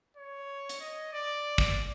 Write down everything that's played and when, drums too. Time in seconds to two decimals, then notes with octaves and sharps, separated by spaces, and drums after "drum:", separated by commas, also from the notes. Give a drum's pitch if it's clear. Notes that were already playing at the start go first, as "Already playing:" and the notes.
0.17 C#5
0.69 drum: hi-hat
0.80 D#5
1.13 D5
1.58 drum: kick